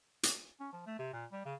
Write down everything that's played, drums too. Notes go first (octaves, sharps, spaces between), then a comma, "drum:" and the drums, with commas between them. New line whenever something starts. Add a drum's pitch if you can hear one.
drum: hi-hat
C#4
F3
A3
C3
A#2
G3
C#3